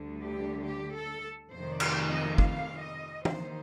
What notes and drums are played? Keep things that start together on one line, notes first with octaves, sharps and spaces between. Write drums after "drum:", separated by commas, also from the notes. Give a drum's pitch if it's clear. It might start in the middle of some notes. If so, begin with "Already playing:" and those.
Already playing: D2 D3 G3
G4
G4
A4
F2 C3 D#3 A3 C5
D5, drum: cymbal
D#5
F5, drum: kick
D#5
D#2 D#3 A#3 D#4 C5, drum: tom